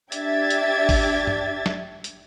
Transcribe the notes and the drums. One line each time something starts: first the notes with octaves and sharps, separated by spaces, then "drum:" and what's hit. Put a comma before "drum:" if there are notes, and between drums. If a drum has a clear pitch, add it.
D4 G4 E5 G#6 A6, drum: hi-hat
drum: hi-hat
drum: kick G#1, open hi-hat
drum: tom G2
drum: snare
drum: hi-hat